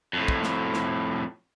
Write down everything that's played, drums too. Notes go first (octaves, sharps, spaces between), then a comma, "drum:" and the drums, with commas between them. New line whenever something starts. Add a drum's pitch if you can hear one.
F2 A2
drum: kick
drum: snare
drum: snare